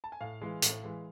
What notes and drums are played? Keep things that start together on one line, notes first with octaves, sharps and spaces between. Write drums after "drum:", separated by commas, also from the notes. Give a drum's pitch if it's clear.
A5
G#5
A2 F5
E3 G#3
A2, drum: hi-hat
E3 G#3